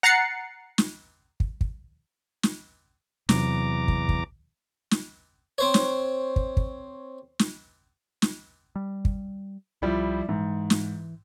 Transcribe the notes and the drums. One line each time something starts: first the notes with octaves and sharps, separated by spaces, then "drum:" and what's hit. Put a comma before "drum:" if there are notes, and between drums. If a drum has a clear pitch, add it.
F#5 A#5 F#6 A6 C7 C#7
drum: snare
drum: kick
drum: kick
drum: snare
E2 C3 F#3 A#5 D6, drum: snare
drum: kick
drum: kick
drum: snare
C4 C5 C#5
drum: snare
drum: kick
drum: kick
drum: snare
drum: snare
G3
drum: kick
C2 F3 G3 E4
G#2 E3
drum: snare